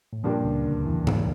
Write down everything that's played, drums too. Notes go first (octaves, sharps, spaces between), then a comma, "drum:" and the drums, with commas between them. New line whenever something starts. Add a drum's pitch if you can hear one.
A2
G2 A#2 F3 A#3 D4 G4
C#2 C#3
D2 D3
E2 E3
drum: tom G#2